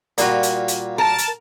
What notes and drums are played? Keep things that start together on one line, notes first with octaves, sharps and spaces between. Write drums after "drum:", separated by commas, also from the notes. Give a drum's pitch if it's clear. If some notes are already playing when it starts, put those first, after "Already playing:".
A#2 G3 A#3 F4 F#4, drum: hi-hat
drum: hi-hat
drum: hi-hat
A#4 A5
drum: hi-hat